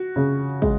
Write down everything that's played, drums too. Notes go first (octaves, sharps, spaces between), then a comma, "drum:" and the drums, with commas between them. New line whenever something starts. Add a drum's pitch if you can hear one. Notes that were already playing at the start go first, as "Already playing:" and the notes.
Already playing: F#4
C#3
G#3, drum: kick, open hi-hat